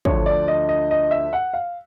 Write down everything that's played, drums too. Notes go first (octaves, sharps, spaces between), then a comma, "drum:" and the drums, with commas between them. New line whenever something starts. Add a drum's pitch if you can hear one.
D2 D3 F3 C#5, drum: kick
D5
D#5
D#5
D#5
E5
F#5
F5